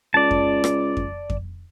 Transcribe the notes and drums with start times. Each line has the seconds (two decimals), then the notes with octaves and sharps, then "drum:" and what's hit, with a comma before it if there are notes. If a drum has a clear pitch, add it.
0.14 C#2 D5 A5
0.31 drum: kick F2
0.64 drum: rim click
0.97 drum: kick F2
1.30 drum: kick F2